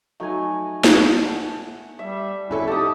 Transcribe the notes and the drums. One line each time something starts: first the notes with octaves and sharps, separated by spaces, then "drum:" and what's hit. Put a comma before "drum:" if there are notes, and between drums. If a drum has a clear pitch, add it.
F#3 A3 D#4 G#5
drum: snare
F#5 A5
G3 E5
G1 C#4 E4 A4
D#4 G4 A4 A5 D#6